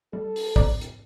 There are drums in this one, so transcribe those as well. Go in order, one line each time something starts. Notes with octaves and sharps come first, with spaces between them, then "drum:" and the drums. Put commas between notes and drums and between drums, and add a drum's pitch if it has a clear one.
G3 A4
drum: open hi-hat
D5 A#5 D6, drum: kick
drum: hi-hat